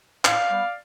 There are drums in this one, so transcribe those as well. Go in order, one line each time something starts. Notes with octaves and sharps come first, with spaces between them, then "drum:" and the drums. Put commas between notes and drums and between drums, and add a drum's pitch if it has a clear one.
A2 D5 F5, drum: clap
G3 B3